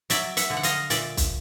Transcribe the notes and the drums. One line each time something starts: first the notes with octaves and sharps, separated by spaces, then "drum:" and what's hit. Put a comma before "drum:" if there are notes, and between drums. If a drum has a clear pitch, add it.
F#3 D5 E5, drum: hi-hat
E5 F#5, drum: hi-hat
D3
F#5
D#5 F5, drum: hi-hat
A#2 D5 E5, drum: hi-hat
drum: kick B1, hi-hat